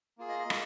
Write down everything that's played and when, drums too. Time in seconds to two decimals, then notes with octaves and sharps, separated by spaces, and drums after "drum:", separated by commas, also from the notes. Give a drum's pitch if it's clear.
0.18 A#3 F4 G#4
0.29 D#5
0.39 D#5
0.50 G#4, drum: rim click